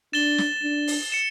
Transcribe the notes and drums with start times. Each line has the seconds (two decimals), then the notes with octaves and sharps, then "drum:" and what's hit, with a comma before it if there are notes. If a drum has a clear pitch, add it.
0.13 D4 A6 E7 G7
0.38 drum: snare
0.63 D4
0.88 drum: open hi-hat
1.12 C#7 E7